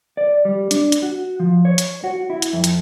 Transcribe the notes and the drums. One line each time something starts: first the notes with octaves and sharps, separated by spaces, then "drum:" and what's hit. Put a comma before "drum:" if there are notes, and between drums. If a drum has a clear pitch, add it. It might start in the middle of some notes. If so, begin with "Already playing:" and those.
D5
G3
D4, drum: hi-hat
drum: hi-hat
F#4
F3
C#5
drum: hi-hat
F#4
E4
drum: hi-hat
F2
drum: hi-hat